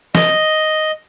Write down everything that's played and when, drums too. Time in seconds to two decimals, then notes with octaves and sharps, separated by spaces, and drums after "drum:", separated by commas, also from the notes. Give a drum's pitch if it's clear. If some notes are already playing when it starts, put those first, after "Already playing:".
0.15 D#5, drum: snare